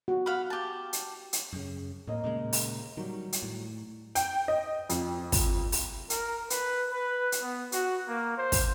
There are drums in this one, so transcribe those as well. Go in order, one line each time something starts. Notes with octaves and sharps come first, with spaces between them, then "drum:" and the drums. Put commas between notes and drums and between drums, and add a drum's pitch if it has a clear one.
F#4
F5 F#5 B5
G4 A5
drum: hi-hat
drum: hi-hat
F#2 C#3
D#2 A2 A#3 D#5
A#2 C#3 G#3
drum: open hi-hat
D#3 F#3 G3
drum: hi-hat
A2
G5, drum: hi-hat
D#5
F2, drum: hi-hat
drum: kick, open hi-hat
drum: open hi-hat
A#4, drum: hi-hat
B4, drum: hi-hat
B4
drum: hi-hat
B3
F#4, drum: hi-hat
A#3
C5
drum: kick, open hi-hat